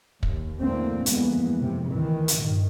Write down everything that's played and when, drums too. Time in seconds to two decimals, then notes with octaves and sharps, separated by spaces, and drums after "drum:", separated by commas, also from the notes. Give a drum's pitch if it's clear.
0.23 D#2, drum: kick
0.61 E2 D3 E3 A3 A#3 C4
1.06 F2 E3 G#3 A#3 B3, drum: hi-hat
1.59 F2 C3
1.90 D2 D#3 E3
2.28 drum: hi-hat
2.39 G2 A#2 D#3